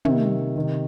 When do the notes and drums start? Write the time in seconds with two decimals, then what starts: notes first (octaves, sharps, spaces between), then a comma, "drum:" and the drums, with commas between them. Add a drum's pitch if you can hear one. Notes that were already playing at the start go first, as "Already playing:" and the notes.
0.05 C3 D#3 E5, drum: tom
0.56 C3 D#3